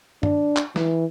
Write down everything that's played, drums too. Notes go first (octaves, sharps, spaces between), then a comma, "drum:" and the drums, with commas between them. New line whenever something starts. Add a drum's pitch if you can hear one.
D4, drum: tom
drum: clap
E3, drum: snare